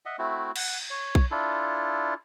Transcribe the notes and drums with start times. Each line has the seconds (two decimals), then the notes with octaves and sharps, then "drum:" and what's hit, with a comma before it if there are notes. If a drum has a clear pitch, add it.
0.06 D#5 E5 F#5
0.19 A3 C4 E4 F#4
0.56 F#5, drum: cymbal
0.90 C#5
1.15 drum: kick B1
1.31 D4 E4 F4 A4